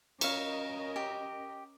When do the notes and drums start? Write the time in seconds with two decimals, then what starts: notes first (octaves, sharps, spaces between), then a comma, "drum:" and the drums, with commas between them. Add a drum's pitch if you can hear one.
0.21 C#4 A#4 C#5 D#5 F5, drum: cymbal
0.96 G4